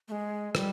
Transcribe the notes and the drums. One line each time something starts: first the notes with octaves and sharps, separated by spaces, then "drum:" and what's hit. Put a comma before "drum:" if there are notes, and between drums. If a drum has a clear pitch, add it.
A3
G#3
G3, drum: rim click